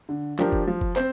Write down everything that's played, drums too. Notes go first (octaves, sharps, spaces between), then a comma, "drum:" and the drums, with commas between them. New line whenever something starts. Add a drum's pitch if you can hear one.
D3
F3 D4 G4 A#4, drum: clap
drum: kick F1
F3
drum: kick F1
C4 C5, drum: clap